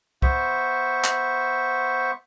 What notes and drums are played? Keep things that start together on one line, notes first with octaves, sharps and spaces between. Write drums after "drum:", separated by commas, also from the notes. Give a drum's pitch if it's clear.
B3 C5 E5 C#6, drum: kick
drum: clap